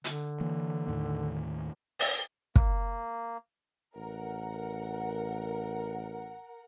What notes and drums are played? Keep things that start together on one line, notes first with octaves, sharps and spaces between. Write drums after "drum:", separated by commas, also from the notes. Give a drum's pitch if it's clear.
D3, drum: hi-hat
E3 A#3
D#2 A2 D#3
drum: open hi-hat
A#3, drum: kick
A1 A#4 F#5